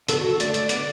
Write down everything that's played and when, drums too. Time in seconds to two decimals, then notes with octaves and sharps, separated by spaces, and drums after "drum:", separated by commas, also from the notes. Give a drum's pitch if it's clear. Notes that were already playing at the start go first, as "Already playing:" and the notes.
0.08 D3 B3 A4, drum: hi-hat
0.20 F#4
0.29 A4
0.40 D3 A3 D5, drum: hi-hat
0.54 D5, drum: hi-hat
0.69 D3 B3 D5, drum: hi-hat